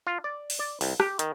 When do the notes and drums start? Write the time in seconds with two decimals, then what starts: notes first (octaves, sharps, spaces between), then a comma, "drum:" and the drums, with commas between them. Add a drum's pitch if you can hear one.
0.07 F4
0.24 D5
0.50 drum: open hi-hat
0.59 D5
0.81 C2, drum: open hi-hat
1.00 G4, drum: rim click
1.19 D#3, drum: hi-hat